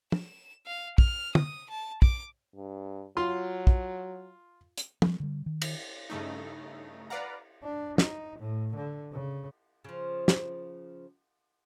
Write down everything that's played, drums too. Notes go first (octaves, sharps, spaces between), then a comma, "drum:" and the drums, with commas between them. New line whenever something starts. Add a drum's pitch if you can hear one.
E7, drum: tom
F5
F6, drum: kick
D#6, drum: tom
A5
D6, drum: kick
G2
F#3 F4 C6
drum: kick
drum: hi-hat
F3 G3 C4, drum: tom
D3 G3
D#3
drum: cymbal
G2 C#3 A3 D#4
B4 D5 F5 F#5 A#5
D4
D#4, drum: snare
A2
D3
C#3
C#3 F3
drum: snare